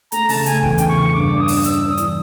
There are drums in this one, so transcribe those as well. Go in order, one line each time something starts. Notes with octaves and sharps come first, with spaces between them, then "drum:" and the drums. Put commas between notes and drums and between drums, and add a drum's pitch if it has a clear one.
A3 A#5, drum: hi-hat
C#3 A5, drum: open hi-hat
A3 G#5, drum: hi-hat
E2 G5, drum: kick
G#5
C#3 G5, drum: hi-hat
C#6
C#3
G2 D6
D4
D#6
D4, drum: open hi-hat
D#6
D4 E6, drum: hi-hat
D4
D#6
E3, drum: hi-hat